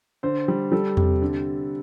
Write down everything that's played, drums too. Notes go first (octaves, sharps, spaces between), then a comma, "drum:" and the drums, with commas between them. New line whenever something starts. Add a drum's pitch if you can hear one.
D3 C5
G3
G3 A4
C3, drum: tom E2
D3